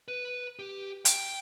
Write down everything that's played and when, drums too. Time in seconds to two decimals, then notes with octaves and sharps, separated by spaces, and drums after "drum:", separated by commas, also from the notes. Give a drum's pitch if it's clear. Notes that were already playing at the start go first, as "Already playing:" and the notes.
0.08 B4
0.59 G4
1.05 G5, drum: hi-hat